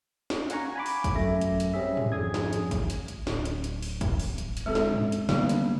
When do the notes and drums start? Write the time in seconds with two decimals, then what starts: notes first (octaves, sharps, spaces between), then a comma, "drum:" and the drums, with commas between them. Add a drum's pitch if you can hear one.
0.30 drum: snare
0.50 F5 F#5 G#5 A#5 C#6, drum: hi-hat
0.76 G#5 B5 D6
0.86 drum: open hi-hat
1.04 drum: kick G#1, hi-hat
1.14 F#2 A3 E5 A#6
1.41 drum: hi-hat
1.60 drum: hi-hat
1.74 G3 C4 C#4 G#4 E5
1.97 drum: tom G#2
2.12 G#1 F2 G#4 D#6 G#6
2.34 drum: snare
2.53 drum: hi-hat
2.71 drum: kick G#1, hi-hat
2.90 drum: hi-hat
3.08 drum: hi-hat
3.27 D1, drum: snare
3.45 drum: hi-hat
3.64 drum: hi-hat
3.82 drum: open hi-hat
4.01 drum: kick G#1, hi-hat
4.20 drum: open hi-hat
4.38 drum: hi-hat
4.57 drum: hi-hat
4.66 G#3 C4 A4
4.75 drum: snare
4.94 drum: tom
5.12 drum: hi-hat
5.29 D3 G3 A#3 B3, drum: snare
5.49 drum: hi-hat